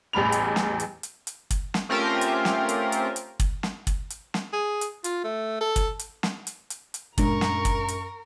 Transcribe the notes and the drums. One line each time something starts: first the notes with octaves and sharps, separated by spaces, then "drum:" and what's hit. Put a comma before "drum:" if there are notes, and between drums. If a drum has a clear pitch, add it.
A1 E2 G3 B5 F7
drum: hi-hat
drum: snare
drum: hi-hat
drum: hi-hat
drum: hi-hat
drum: kick, hi-hat
drum: snare
A3 C4 C#4 F4 G4 A#4
drum: hi-hat
drum: snare
drum: hi-hat
drum: hi-hat
drum: hi-hat
drum: kick, hi-hat
drum: snare
drum: kick, hi-hat
drum: hi-hat
drum: snare
G#4
drum: hi-hat
F4, drum: hi-hat
A3
A4
drum: kick, hi-hat
drum: hi-hat
drum: snare
drum: hi-hat
drum: hi-hat
drum: hi-hat
F#2 A#2 G#3 D4 A#4 A#5 C#6, drum: kick, hi-hat
drum: snare
drum: kick, hi-hat
drum: hi-hat